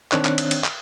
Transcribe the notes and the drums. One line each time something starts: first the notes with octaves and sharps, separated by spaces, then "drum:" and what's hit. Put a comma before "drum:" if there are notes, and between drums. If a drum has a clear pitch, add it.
D#3 C4 D4 C#5 F#6, drum: clap
drum: clap
drum: cymbal
drum: cymbal
drum: clap